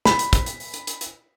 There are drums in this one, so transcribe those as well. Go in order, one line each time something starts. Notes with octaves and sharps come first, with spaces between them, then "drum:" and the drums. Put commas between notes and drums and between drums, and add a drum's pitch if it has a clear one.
B5, drum: snare
drum: hi-hat
drum: kick, hi-hat
drum: hi-hat
drum: open hi-hat
drum: hi-hat
drum: hi-hat
drum: hi-hat